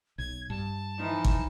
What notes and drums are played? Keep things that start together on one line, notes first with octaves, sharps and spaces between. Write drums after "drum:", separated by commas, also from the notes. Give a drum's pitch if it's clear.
B1 G#6
G2 A5
E3 F3 D#4
drum: kick